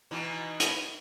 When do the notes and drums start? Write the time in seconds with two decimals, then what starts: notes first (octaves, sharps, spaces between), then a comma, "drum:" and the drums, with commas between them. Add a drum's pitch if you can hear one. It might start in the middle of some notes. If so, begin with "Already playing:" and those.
0.11 B2 E3 D#4
0.60 drum: hi-hat